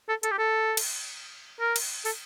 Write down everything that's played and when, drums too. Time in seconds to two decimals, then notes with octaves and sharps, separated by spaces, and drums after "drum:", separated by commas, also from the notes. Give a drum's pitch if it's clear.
0.09 A4
0.23 A4, drum: hi-hat
0.31 G4
0.38 A4
0.77 drum: cymbal
1.60 A#4
1.76 drum: cymbal
2.05 A4, drum: open hi-hat